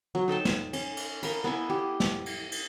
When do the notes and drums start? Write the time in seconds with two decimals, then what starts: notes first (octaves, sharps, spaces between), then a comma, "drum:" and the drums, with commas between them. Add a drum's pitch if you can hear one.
0.15 F#3
0.28 D#4 A4 G5 A5
0.45 drum: snare
0.73 C#4, drum: cymbal
0.97 drum: cymbal
1.23 A#4 B5, drum: cymbal
1.44 B3 E4 G#5
1.70 G4
2.00 drum: snare
2.26 drum: cymbal
2.52 drum: cymbal